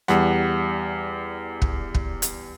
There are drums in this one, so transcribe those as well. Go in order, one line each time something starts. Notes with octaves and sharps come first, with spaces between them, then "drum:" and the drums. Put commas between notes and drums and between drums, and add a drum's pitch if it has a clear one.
E2 G3 F#5, drum: rim click
drum: kick
drum: kick
drum: hi-hat